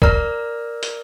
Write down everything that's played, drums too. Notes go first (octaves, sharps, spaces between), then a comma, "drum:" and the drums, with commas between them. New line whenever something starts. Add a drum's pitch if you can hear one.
A#4 D5 A#5 F6, drum: kick C2
drum: hi-hat